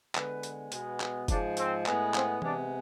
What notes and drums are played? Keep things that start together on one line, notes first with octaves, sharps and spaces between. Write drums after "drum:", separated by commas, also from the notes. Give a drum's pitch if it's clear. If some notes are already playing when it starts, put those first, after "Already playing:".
D3 G#3 B3 B4, drum: clap
drum: hi-hat
B2 G#3 B3, drum: hi-hat
drum: clap
G#2 F3 G#3 D4, drum: kick F#1, hi-hat
C4, drum: hi-hat
A2 G#3 B3, drum: clap
C4, drum: clap
C3 G#3 B3 D4, drum: tom E3